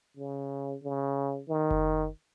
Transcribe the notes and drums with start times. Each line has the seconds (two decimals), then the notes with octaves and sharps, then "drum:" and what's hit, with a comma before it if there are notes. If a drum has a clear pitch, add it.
0.17 C#3
0.83 C#3
1.48 D#3
1.71 drum: kick F#1